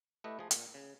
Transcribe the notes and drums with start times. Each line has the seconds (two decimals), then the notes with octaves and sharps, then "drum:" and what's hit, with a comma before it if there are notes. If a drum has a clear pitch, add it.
0.24 A3 E4 G4 B4 D#5
0.39 F3 A3 G#4
0.51 A#2, drum: hi-hat
0.74 C#3